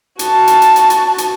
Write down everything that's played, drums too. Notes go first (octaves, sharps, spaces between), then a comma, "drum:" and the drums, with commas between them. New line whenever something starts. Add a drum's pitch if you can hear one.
F#4 A5, drum: hi-hat
drum: hi-hat
drum: hi-hat
drum: hi-hat
drum: hi-hat
drum: hi-hat